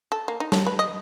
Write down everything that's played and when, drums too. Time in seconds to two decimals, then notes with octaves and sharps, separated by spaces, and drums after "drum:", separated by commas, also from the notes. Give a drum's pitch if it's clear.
0.12 A4
0.28 A#3
0.40 D#4
0.52 A4, drum: snare
0.66 B4
0.79 D#5